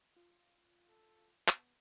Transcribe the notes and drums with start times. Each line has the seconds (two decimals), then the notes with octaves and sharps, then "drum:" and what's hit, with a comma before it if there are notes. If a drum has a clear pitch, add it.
0.16 F4
0.89 A4
1.48 B3, drum: clap